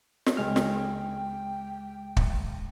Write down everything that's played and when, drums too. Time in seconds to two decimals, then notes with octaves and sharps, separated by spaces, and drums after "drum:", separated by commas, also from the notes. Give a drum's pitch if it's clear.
0.26 drum: snare
0.37 C#2 G#3 G5 F6
0.56 drum: snare
2.17 drum: kick